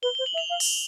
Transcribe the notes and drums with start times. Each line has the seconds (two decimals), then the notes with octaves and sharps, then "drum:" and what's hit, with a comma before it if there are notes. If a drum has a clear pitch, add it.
0.03 B4 G7
0.15 C5 G7
0.26 F#7
0.34 E5
0.38 F7
0.50 F5
0.60 drum: open hi-hat